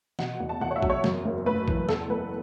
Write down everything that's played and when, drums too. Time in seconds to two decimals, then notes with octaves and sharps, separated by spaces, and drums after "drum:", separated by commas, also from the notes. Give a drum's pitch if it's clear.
0.19 B2 F#5, drum: snare
0.40 E2
0.49 A5
0.61 E2 F#5
0.71 C#5
0.76 E5
0.83 F#3, drum: kick A#1
0.90 C#5
1.04 F#2, drum: snare
1.25 F#1
1.46 A3 B4
1.68 E3, drum: kick A#1
1.89 E2 A4, drum: snare
2.10 F#1 B4